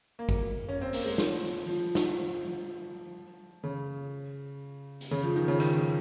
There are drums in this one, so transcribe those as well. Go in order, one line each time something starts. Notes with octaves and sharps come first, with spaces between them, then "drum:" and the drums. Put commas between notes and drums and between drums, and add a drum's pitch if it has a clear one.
A#3
drum: kick
C#4
C4
A#3, drum: open hi-hat
G#3
F3, drum: snare
F3
drum: snare
C#3
drum: hi-hat
C#3
F3
D#3
C#3
D#3, drum: rim click
F3